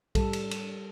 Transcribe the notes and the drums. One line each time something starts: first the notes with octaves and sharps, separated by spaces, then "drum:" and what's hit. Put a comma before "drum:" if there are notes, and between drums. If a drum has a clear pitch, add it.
G3 A4, drum: kick B1, cymbal
drum: cymbal
drum: cymbal